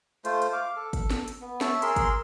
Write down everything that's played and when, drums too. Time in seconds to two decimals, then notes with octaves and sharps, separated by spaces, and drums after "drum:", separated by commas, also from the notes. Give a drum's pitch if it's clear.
0.25 A3 F4 C5, drum: hi-hat
0.42 drum: hi-hat
0.53 F5 D6
0.76 A4
0.93 drum: kick, hi-hat
1.10 drum: snare
1.28 drum: hi-hat
1.41 B3
1.61 C#5 E5 A5, drum: snare
1.82 G#4 A#4 C6 E6, drum: hi-hat
1.96 drum: kick, hi-hat